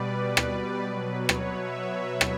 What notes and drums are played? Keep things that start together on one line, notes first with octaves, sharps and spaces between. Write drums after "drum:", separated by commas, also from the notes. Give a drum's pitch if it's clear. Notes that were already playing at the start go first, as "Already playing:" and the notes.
Already playing: B2 G3 B4 D5
D5
drum: rim click
B2 F#3 B4
C#5
drum: rim click
E5
drum: rim click